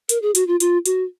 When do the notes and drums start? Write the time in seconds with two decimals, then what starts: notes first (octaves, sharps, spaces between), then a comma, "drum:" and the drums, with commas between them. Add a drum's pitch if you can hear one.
0.09 A#4, drum: hi-hat
0.22 G#4
0.35 F#4, drum: hi-hat
0.47 F4
0.60 F4, drum: hi-hat
0.86 F#4, drum: hi-hat